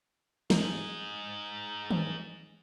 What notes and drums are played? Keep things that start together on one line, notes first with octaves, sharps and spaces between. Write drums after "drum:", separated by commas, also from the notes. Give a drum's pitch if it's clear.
D#4 G#4, drum: snare
drum: tom D#3